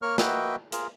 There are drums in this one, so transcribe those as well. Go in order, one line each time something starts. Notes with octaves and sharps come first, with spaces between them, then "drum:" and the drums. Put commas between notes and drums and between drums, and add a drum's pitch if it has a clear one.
A#3 A#4 C#5 C#6 F6
A#3 F#4 B4 D#5 E5 G5, drum: snare
F4 G#4 A#4, drum: hi-hat